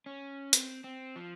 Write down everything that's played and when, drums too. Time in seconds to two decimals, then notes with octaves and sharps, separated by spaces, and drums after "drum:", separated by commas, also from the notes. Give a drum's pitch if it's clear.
0.06 C#4
0.53 C4, drum: hi-hat
0.84 C4
1.16 F3